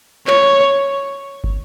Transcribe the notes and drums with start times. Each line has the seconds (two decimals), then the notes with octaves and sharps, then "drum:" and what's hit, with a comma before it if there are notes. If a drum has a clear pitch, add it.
0.27 C#5, drum: clap
1.44 drum: kick